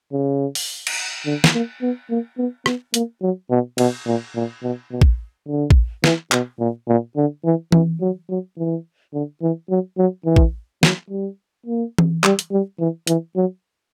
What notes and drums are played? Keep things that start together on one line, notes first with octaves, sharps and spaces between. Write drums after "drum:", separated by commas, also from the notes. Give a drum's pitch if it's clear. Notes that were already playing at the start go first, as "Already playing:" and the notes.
C#3
drum: open hi-hat
drum: cymbal
D3
drum: snare
A#3
B3
A#3
B3
B3, drum: rim click
A#3, drum: hi-hat
F#3
B2
B2, drum: cymbal
A#2
A#2
B2
B2
drum: kick A#1
D3
drum: kick A#1
E3, drum: snare
B2, drum: clap
A#2
A#2
D3
E3
E3, drum: tom E3
F#3
F#3
E3
D3
E3
F#3
F#3
E3
drum: kick A#1
F#3, drum: snare
G3
A#3
drum: tom E3
G3, drum: clap
drum: hi-hat
G3
E3
E3, drum: hi-hat
F#3